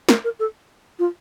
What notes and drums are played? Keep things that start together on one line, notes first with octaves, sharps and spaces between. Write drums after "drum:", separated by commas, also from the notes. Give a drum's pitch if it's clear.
A#4, drum: snare
A#4
A4
F4